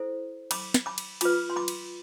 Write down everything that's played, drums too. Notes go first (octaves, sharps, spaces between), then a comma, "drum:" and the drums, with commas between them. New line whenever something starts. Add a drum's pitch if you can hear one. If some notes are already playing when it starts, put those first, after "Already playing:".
Already playing: E4 A4 C5
B5 D6, drum: cymbal
drum: snare
B5 D6
drum: cymbal
F4 B4 B5 D6, drum: cymbal
C6
B5 D6
drum: cymbal